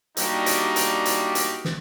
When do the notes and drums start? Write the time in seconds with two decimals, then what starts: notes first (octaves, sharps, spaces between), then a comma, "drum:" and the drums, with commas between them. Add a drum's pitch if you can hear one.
0.17 G3 A#3 D4 D#4 F#4 G4, drum: hi-hat
0.46 drum: hi-hat
0.76 drum: hi-hat
1.05 drum: hi-hat
1.35 drum: hi-hat
1.65 drum: snare